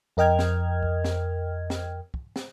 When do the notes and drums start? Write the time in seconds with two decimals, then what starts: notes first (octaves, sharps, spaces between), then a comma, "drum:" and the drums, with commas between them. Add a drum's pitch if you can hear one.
0.17 F2 A#4 D#5 G5 F6 G#6
0.39 drum: snare
0.83 drum: kick
1.04 drum: snare
1.70 drum: snare
2.14 drum: kick
2.36 drum: snare